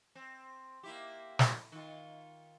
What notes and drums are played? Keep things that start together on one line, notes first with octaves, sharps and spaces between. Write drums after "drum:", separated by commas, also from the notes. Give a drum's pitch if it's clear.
C4
A#3 E4 G4
drum: snare
D#3 F4